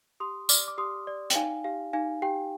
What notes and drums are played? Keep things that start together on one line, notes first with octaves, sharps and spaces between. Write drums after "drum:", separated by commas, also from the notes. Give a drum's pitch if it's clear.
G4 C6 D#6
D5 D6 F6, drum: tambourine
D6
G4 C6 D#6
D5
G5, drum: hi-hat
D#4 F5 G#5
G4 F5
D#4 F5 G#5
G4 G5